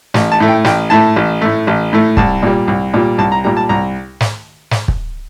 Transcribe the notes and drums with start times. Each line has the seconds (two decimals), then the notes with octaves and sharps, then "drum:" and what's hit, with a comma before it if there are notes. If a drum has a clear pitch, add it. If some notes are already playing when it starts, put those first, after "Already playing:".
0.14 A1, drum: snare
0.32 A5
0.40 A2 A3
0.48 G5
0.65 A1 G5, drum: snare
0.90 A2 A3 A5
1.16 A1
1.41 A2 A3
1.67 A1
1.93 A2 A3
2.17 C2 A5, drum: kick
2.43 A#2 G3
2.68 C2
2.94 A#2 G3
3.18 C2 A5
3.32 A#5
3.44 A#2 G3 A#5
3.57 A5
3.69 C2 A#5
4.21 drum: snare
4.71 drum: snare
4.88 drum: kick